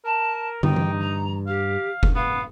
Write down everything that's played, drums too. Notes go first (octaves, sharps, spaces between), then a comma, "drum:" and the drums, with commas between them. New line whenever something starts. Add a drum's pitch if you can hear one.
A#4 A5
G2 D#4 G5, drum: tom
drum: tom E3
A#5
G4 F5
drum: kick F1
B3 F5